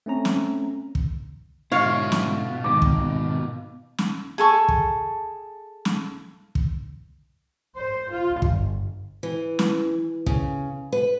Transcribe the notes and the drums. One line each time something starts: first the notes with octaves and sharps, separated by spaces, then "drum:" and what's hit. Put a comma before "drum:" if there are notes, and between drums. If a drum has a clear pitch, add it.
A3 C4 C#4 A#5
drum: snare
drum: kick
G#2 B2 D3 E4 F4 C#5 F5
drum: snare
G#2 D#3 D6
drum: kick
drum: snare
G#4 A4 C#6
drum: kick
drum: snare
drum: kick
C5
F4
G1, drum: kick
E3
drum: snare
C#3, drum: kick
B4